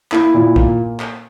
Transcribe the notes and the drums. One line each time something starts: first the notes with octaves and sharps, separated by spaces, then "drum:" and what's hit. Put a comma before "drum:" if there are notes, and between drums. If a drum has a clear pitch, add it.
A#3 E4, drum: clap
A#2
A#3, drum: kick A#1
drum: clap